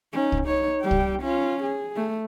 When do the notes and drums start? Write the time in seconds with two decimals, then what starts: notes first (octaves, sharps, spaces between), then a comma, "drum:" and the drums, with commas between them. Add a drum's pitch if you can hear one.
0.13 C#4 D#4
0.32 drum: kick C2
0.46 D#4 C#5
0.81 G3 G5
0.91 drum: kick C2
1.22 C#4 F4
1.63 G#4
1.96 A3